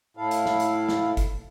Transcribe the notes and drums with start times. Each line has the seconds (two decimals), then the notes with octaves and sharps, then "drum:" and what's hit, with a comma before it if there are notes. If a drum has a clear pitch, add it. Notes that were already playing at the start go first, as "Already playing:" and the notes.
0.17 A2 E4 A4 F5
0.31 drum: hi-hat
0.46 drum: snare
0.60 drum: hi-hat
0.89 drum: snare
1.17 drum: kick, hi-hat